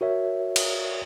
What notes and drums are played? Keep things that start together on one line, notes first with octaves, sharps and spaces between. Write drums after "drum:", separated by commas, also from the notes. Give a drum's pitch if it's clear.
F#4 A#4 C#5 E5
drum: cymbal